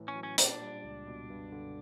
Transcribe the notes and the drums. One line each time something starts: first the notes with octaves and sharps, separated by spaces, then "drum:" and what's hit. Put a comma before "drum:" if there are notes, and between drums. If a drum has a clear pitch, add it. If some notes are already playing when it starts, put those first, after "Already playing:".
Already playing: A2 E3
C#4
F#3
C#4
A#2 D4, drum: hi-hat
G3
C#2
B2
G2
D3